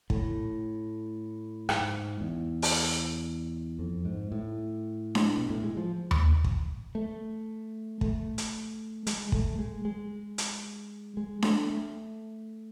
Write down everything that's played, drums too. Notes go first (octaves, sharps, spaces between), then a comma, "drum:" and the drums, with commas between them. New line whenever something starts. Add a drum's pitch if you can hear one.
A2, drum: kick
G#2, drum: rim click
E2
drum: open hi-hat
F2
G#2
A2
drum: snare D4
B2
A2
G#3
F3
drum: tom D#2
drum: kick
A3
A3, drum: kick
drum: hi-hat
G#3, drum: hi-hat
A3, drum: kick
G#3
G#3
drum: hi-hat
G#3
A3, drum: snare D4
A3